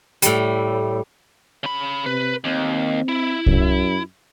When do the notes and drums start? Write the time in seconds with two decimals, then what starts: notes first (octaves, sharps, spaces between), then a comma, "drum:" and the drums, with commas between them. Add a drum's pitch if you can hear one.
0.22 A2 G3, drum: hi-hat
1.63 C#3 B5
2.06 C3 B4
2.44 D#2 C4
3.09 E4
3.46 F#2, drum: kick C2